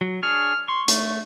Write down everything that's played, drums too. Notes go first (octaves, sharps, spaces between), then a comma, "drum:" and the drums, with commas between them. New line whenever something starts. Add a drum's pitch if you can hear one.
F#3
D4 G#4 C#5 F6
C6 C#6
A3, drum: hi-hat